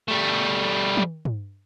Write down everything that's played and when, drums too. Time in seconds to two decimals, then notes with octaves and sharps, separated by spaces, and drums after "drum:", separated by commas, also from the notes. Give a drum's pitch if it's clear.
0.08 G3 A3
0.97 drum: tom
1.25 drum: tom